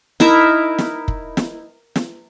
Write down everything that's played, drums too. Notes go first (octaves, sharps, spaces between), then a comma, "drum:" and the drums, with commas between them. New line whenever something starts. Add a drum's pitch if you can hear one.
D#4 E4 A#4 E5, drum: snare
drum: snare
drum: kick
drum: snare
drum: snare